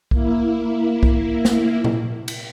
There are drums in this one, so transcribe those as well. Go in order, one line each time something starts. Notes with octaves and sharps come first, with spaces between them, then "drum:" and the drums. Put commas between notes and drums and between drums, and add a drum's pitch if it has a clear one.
A#3 E4, drum: kick
drum: kick
drum: snare
drum: tom A#2
drum: cymbal